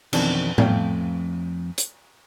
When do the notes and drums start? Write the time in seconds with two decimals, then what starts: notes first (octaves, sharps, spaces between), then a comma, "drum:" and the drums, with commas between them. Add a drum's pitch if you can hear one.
0.13 F2 B2 D#3 E3 C4 D4, drum: cymbal
0.58 F2 A3 F5 G5, drum: tom A2
1.78 drum: hi-hat